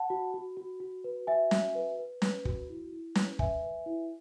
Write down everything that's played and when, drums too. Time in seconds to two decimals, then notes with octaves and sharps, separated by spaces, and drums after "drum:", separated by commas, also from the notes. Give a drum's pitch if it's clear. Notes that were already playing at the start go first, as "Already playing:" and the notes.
Already playing: F#5 A5
0.10 F#4
0.34 F#4
0.57 F#4
0.80 F#4
1.04 B4
1.27 F#4 E5 G#5
1.51 F#4, drum: snare
1.75 B4
1.99 B4
2.22 B4, drum: snare
2.45 F#4, drum: kick
2.69 E4
2.92 E4
3.15 B4, drum: snare
3.39 B4 E5 G#5, drum: kick
3.63 B4
3.86 E4